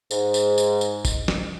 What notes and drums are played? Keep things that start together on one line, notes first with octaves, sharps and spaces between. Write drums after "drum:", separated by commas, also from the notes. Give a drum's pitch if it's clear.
G#2, drum: tambourine
drum: tambourine
drum: tambourine
drum: tambourine
drum: kick, tambourine
drum: snare